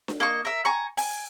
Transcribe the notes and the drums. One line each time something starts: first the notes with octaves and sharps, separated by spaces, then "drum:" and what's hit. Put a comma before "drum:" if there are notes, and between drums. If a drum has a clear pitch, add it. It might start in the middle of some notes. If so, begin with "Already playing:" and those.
drum: snare D4
A#3 D#5 C#6
A#4 E5
G#5 A#5 C#6
G#5, drum: open hi-hat